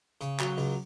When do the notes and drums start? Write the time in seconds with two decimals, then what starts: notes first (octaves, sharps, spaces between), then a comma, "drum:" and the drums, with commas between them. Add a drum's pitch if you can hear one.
0.21 C#3, drum: hi-hat
0.40 F#3, drum: clap
0.58 C#2, drum: open hi-hat